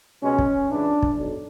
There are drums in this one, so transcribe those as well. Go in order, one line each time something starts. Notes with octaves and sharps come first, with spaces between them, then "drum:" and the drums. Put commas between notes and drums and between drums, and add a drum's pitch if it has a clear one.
C#2 B2 G#3 C#4
drum: kick
C#2 C#3 E3 D4
drum: kick
B1